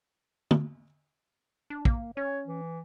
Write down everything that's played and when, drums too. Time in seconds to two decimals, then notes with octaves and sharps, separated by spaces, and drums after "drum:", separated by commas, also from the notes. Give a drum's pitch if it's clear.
0.51 drum: tom
1.70 D4
1.85 A#3, drum: kick
2.17 C#4 C#5
2.47 E3